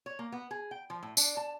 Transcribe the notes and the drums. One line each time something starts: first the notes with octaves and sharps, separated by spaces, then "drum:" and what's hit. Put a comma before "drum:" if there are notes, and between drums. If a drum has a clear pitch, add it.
C#5
A#3
B3
G#4
G5
F3
A2
D4, drum: tambourine
A5